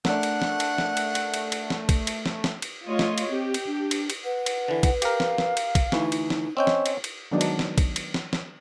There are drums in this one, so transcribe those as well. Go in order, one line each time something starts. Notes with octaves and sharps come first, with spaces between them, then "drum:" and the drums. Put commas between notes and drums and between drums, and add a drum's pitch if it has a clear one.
A3 D4 A#4 F#5, drum: snare
drum: cymbal
drum: snare
drum: cymbal
drum: snare
drum: cymbal
drum: cymbal
drum: cymbal
drum: cymbal
drum: snare
drum: kick, cymbal
drum: cymbal
drum: snare
drum: snare
drum: cymbal
A3 F4 C#5 D#5
drum: snare
drum: cymbal
C4 G4
drum: cymbal
D4
drum: cymbal
drum: cymbal
B4 F#5
drum: cymbal
D3 E3
drum: kick, cymbal
G4 A#4 F5, drum: cymbal
drum: snare
drum: snare
drum: cymbal
drum: kick, cymbal
D2 E3 D#4, drum: snare
drum: cymbal
drum: snare
C4 C#4 C#5 D#5 G5
drum: snare
drum: cymbal
drum: cymbal
D#3 F#3 G#3 B3 D4 D#4
drum: cymbal
drum: snare
drum: kick, cymbal
drum: cymbal
drum: snare
drum: snare